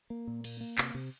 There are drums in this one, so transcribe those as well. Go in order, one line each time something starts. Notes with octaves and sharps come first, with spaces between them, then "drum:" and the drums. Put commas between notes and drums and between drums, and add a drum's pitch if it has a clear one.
A#3
A#2
A#3, drum: cymbal
A#3
C3, drum: clap
C3